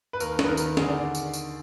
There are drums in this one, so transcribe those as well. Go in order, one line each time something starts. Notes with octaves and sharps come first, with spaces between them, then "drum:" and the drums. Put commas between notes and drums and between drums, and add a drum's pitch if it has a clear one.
B4
D#2 A#4, drum: tambourine
D#3, drum: snare
B4
A#4
D#3, drum: tambourine
D3 G#4, drum: snare
D5
drum: tambourine
drum: tambourine